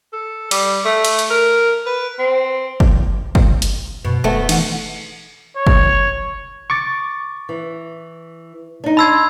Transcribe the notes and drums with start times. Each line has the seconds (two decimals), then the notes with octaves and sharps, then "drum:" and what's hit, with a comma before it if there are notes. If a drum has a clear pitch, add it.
0.13 A4
0.51 G3, drum: cymbal
0.85 A3
1.05 drum: cymbal
1.19 drum: hi-hat
1.30 A#4
1.86 B4
2.19 C4
2.80 drum: kick
3.35 drum: kick
3.62 drum: hi-hat
4.05 F#2 B2
4.24 E1 A3 B3 E5
4.49 E3 D#4 F#5, drum: cymbal
5.57 C#5
5.67 drum: kick
6.70 C#6 D6 A6
7.49 E3
8.84 D4 D#4
8.97 A5 B5 C6 E6 G#6